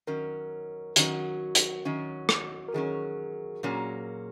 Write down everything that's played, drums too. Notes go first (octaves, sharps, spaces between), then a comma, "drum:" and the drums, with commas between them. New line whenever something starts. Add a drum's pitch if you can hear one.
D#3 F#3 C#4 A#4
D#3 F#3 C#4 F#4, drum: hi-hat
drum: hi-hat
D#3 F#3 C#4
drum: rim click
A#4
D#3 F#3 C#4 G#4
A#2 F#3 A#3 C#4